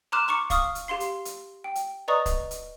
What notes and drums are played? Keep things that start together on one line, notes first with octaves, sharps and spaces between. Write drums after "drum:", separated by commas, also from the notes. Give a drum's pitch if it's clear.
A#5 C6 D6 F6 F#6 E7
A#5 C#6 D6 C#7
F5 C#6 D#6 F6, drum: kick C#1, hi-hat
drum: hi-hat
G4 F5 C6 C7
drum: hi-hat
drum: hi-hat
G5
drum: hi-hat
B4 D5 D#5 A#5 C#6 D#6
drum: kick C#1, hi-hat
drum: hi-hat